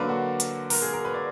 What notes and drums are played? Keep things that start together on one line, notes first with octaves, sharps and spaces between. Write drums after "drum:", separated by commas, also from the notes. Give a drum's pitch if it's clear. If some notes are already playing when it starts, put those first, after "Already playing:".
Already playing: D3 F#3 A#3 B4 D5
F#4
drum: hi-hat
A#4, drum: open hi-hat
G#4
A#4
B4
D5